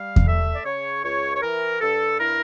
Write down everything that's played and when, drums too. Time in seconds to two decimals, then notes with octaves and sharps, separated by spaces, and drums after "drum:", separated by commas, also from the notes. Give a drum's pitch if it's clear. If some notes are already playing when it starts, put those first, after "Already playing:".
Already playing: G3 F5
0.16 drum: kick E2
0.26 A3 E5
0.53 D5
0.65 C#3 C#5
1.04 C#2 C#5
1.35 C#5
1.42 E3 A#4
1.81 G2 A4
2.19 E4 A#4